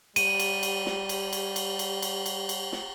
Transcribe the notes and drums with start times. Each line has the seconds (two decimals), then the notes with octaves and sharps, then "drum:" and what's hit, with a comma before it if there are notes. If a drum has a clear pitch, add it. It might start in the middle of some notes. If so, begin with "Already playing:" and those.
0.16 G3 D#7, drum: cymbal
0.39 drum: cymbal
0.63 drum: cymbal
0.86 drum: snare
1.09 drum: cymbal
1.33 drum: cymbal
1.56 drum: cymbal
1.79 drum: cymbal
2.02 drum: cymbal
2.26 drum: cymbal
2.49 drum: cymbal
2.72 drum: snare